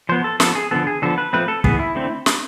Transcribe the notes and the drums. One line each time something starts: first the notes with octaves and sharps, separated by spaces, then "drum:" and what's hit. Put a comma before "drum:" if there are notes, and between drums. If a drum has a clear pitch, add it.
F3 B3 C5
A4
F3 B3 A4, drum: snare
G#4
D3 F3 B3 A4
G#4
D3 F3 B3 A4
B4
F3 A3 C4 B4
A4
E3 B3 G#4, drum: kick
E4
D3 A3 C4
drum: snare